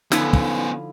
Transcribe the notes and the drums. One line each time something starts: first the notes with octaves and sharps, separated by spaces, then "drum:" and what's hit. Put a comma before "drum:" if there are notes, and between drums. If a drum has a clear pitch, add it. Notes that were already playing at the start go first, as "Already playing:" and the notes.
D3 F3 B3 C#4 D#4 E4, drum: snare
drum: kick